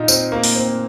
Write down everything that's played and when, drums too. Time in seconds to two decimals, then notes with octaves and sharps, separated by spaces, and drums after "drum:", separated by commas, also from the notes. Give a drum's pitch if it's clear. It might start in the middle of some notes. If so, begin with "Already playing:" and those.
Already playing: A#2 D#4 F4
0.08 C4, drum: tambourine
0.32 A#3
0.44 drum: open hi-hat
0.56 C4